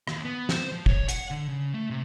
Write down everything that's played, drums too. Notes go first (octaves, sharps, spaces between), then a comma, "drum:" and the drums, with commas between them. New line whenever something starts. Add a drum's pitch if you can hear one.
D#2, drum: rim click
B3
C5, drum: snare
F3
C#5, drum: kick
F#5, drum: hi-hat
D3
C#3
A3
C3